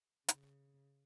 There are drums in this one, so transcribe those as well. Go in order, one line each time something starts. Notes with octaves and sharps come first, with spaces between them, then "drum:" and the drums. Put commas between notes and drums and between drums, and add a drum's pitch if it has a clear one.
C#3, drum: hi-hat